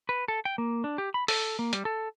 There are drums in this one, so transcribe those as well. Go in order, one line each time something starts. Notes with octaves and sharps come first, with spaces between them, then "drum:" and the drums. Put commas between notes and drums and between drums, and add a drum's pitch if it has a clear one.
B4
A4
G5
A#3
D4
G4
B5
A4, drum: open hi-hat
A#3
G3, drum: hi-hat
A4